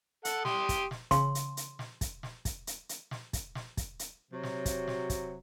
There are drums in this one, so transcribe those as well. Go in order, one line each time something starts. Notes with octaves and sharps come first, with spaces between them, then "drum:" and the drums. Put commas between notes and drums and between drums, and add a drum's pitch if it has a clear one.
A4 F#5, drum: hi-hat
G4 C6 D#6, drum: snare
drum: kick, hi-hat
drum: snare
C#3 C6, drum: kick, hi-hat
drum: hi-hat
drum: hi-hat
drum: snare
drum: kick, hi-hat
drum: snare
drum: kick, hi-hat
drum: hi-hat
drum: hi-hat
drum: snare
drum: kick, hi-hat
drum: snare
drum: kick, hi-hat
drum: hi-hat
C3 F#3
drum: snare
drum: kick, hi-hat
drum: snare
drum: kick, hi-hat